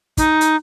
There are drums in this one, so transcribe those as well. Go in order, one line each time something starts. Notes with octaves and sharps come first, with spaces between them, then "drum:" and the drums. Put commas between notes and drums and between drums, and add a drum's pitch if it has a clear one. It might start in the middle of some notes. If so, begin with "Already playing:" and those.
D#4, drum: kick, hi-hat
drum: hi-hat